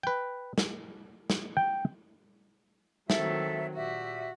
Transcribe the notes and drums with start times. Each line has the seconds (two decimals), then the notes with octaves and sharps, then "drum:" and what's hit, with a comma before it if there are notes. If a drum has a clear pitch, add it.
0.03 B4 G5
0.58 drum: snare
1.30 drum: snare
1.57 G5
3.10 D#3 F#3 C4 A4 E5, drum: snare
3.76 A#2 F#4 G4 E5